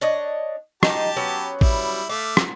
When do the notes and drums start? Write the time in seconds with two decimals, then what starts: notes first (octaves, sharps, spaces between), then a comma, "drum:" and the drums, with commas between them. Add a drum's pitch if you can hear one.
0.01 D4 C#5 D#5
0.83 D#4 G4 A5, drum: rim click
1.17 F#3 B3 C#4
1.61 G3 E4, drum: kick
2.09 A3 F5 D6
2.37 drum: rim click